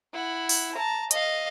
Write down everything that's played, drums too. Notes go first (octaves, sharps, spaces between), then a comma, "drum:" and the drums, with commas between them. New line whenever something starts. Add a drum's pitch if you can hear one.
E4 F#5
drum: open hi-hat
A5 A#5
D#5 F5, drum: hi-hat